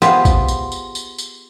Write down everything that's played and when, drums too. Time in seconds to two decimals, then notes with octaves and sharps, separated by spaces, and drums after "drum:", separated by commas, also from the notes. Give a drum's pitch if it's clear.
0.02 B3 F4 G4 G#4 C5 E5, drum: tambourine
0.25 drum: kick, tambourine
0.48 drum: tambourine
0.72 drum: tambourine
0.95 drum: tambourine
1.18 drum: tambourine